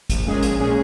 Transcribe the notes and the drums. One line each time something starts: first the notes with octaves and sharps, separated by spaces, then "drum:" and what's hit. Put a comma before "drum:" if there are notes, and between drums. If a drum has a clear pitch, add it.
A#1, drum: kick, hi-hat
A#2 G#3 C#4 G#4
A#1, drum: hi-hat
A#2 G#3 C#4 G#4